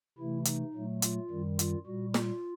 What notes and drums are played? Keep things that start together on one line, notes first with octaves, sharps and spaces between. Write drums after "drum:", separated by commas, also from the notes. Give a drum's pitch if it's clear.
C3 E3 A3 E4
D#4, drum: hi-hat
A#2 F#3 A3
F4, drum: hi-hat
F#2 D#3 G3
F4, drum: hi-hat
A#2 G3 F#4
F4, drum: snare